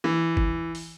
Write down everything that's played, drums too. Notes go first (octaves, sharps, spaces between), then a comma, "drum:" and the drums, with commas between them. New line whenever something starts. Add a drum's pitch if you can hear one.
E3
drum: kick
drum: open hi-hat